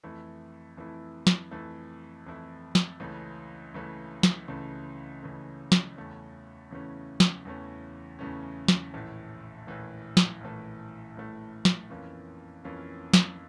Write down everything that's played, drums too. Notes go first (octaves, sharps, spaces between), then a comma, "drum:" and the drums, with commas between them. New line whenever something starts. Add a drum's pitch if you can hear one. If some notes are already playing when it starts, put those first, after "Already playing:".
F2 E3 A3 E4
F2 E3 A3 E4
drum: snare
F2 E3 A3 E4
F2 E3 A3 E4
drum: snare
C#2 C#3 E3 A3
C#2 C#3 E3 A3
drum: snare
C#2 C#3 E3 A3
C#2 C#3 E3 A3
drum: snare
E2 C#3 E3 A3 C#4
E2 C#3 E3 A3 C#4
drum: snare
E2 C#3 E3 A3 C#4
E2 C#3 E3 A3 C#4
drum: snare
A#1 A2 E3 A3
A#1 A2 E3 A3
drum: snare
A#1 A2 E3 A3
A#1 A2 E3 A3
drum: snare
F2 E3 A#3 C#4 F4
F2 E3 A#3 C#4 F4
drum: snare